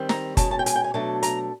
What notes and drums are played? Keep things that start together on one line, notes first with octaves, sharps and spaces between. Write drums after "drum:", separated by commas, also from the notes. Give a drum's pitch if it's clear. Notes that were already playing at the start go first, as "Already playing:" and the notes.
Already playing: D#3 G3 C4
A#5, drum: snare
B2 G#3 C#4 A5, drum: kick F#1, hi-hat
A5
G5
G#5, drum: hi-hat
G5
G#5
B2 F#3 A3 D4 A5
A#5, drum: hi-hat